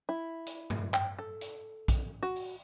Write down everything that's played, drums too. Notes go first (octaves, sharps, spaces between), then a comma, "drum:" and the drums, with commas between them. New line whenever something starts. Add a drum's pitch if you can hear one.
E4
drum: hi-hat
drum: tom G2
G5, drum: clap
A4
drum: hi-hat
drum: kick A#1, hi-hat
F#4
drum: open hi-hat